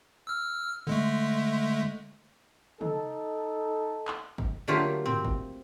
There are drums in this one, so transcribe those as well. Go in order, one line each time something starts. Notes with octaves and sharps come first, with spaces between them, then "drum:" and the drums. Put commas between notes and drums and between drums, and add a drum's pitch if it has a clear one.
E6 F6
D3 G#3 A3
D#4 A4, drum: tom
drum: clap
drum: kick G1
D3 F#3 A3 A#3 F4 G4
C4, drum: tom
drum: kick G1